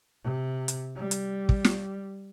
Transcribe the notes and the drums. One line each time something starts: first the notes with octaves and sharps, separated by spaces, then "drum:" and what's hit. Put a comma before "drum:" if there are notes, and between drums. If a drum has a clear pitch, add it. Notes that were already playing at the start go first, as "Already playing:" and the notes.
C3
drum: hi-hat
G3
drum: hi-hat
drum: kick
drum: snare